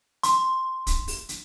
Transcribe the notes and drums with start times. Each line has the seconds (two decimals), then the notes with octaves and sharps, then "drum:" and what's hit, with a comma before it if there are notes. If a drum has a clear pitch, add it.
0.23 C6, drum: hi-hat
0.87 drum: kick, hi-hat
1.08 drum: open hi-hat
1.29 drum: hi-hat